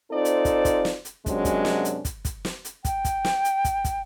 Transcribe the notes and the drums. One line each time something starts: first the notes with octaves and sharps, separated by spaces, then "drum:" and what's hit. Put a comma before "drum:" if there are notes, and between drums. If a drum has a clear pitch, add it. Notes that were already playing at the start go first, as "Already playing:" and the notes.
C4 D#4 F4 A4 C5 D5
drum: hi-hat
drum: kick, hi-hat
drum: kick, hi-hat
drum: snare
drum: hi-hat
F#2 C3 F#3 G#3 C#4 D4, drum: kick, hi-hat
drum: kick, hi-hat
drum: snare
drum: hi-hat
drum: kick, hi-hat
drum: kick, hi-hat
drum: snare
drum: hi-hat
G5, drum: kick, hi-hat
drum: kick, hi-hat
drum: snare
drum: hi-hat
drum: kick, hi-hat
drum: kick, hi-hat